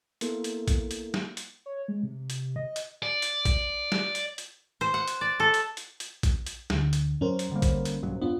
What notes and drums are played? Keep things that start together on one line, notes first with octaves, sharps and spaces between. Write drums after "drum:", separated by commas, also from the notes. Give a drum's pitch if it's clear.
A#3 B3 E4 A4 A#4, drum: hi-hat
drum: hi-hat
drum: kick A#1, hi-hat
drum: hi-hat
drum: snare
drum: hi-hat
C#5
G#3
C3
drum: hi-hat
D#5
drum: hi-hat
D5
drum: hi-hat
drum: kick A#1, hi-hat
drum: snare
drum: hi-hat
drum: hi-hat
C5
F#5
drum: hi-hat
D5
A4
drum: hi-hat
drum: hi-hat
drum: hi-hat
drum: kick A#1, hi-hat
drum: hi-hat
D2 D3, drum: snare
drum: hi-hat
F#2 F#3 C#4 A#4 C5
drum: hi-hat
D3 G3 A#3
drum: kick A#1, hi-hat
drum: hi-hat
B1 G2 F#3
F#2 B3 D4 F4